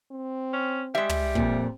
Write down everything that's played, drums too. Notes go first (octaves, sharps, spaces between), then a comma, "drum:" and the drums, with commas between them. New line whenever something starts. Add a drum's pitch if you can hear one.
C4
C#4
G3 G#3 E5
drum: tom
F2 A#2 C4, drum: kick